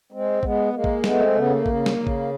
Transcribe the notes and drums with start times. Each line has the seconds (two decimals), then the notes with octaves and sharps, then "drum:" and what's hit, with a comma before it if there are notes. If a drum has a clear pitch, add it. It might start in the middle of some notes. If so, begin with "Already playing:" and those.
0.12 G#3 C4
0.43 G#3 B3, drum: kick
0.73 G#3 A#3
0.84 drum: kick
1.04 A3 B3, drum: snare
1.20 C4
1.35 C#3 B3
1.50 A#3
1.66 C#3, drum: kick
1.86 drum: snare
1.97 C#3
2.07 drum: kick